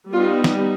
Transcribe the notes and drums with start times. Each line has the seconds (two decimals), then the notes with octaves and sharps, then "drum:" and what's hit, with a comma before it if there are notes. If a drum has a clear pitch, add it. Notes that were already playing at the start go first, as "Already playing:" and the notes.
0.11 G3 B3 D#4 F4
0.44 drum: snare